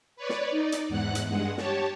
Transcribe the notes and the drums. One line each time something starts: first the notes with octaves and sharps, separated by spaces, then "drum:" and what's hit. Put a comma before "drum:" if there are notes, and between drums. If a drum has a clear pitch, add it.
B4 C#5 D5
drum: snare
D#4 D5
drum: hi-hat
E2 G#2 F#5 F#6
drum: hi-hat
G2 G#3 F#5
G4 C#5 A5, drum: snare